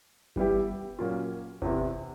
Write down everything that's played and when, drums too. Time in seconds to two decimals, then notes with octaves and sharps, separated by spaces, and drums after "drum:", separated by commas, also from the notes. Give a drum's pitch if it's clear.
0.36 E3 G3 B3 E4 G4, drum: kick G1
0.99 A#2 F#3 A#3 C#4 F4
1.62 E2 C3 E3, drum: kick G1